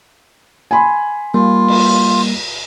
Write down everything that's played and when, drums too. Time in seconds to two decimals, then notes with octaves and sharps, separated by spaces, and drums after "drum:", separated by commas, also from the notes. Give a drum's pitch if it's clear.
0.71 G#5 B5 C6
1.34 G3 A#3 F4
1.68 drum: cymbal